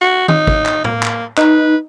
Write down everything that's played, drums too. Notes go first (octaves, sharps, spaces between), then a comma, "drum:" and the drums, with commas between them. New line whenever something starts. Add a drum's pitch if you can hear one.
F#4
D#4, drum: tom D#3
drum: kick
drum: clap
A#3, drum: tom
drum: clap
D#4 B4, drum: clap